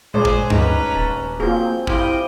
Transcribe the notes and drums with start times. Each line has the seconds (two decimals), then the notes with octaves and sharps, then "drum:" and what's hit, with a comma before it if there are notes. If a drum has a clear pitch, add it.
0.14 A#2 G#3 D4 G#4 C5 C#5 B5
0.25 drum: kick
0.50 D2 C#4 D#4 B4 A#5, drum: tom G2
0.95 D#1 A5
1.40 F#3 A#3 C4 F4 G#4 G6
1.87 G3 E4 C5 D#5 F5 G5, drum: kick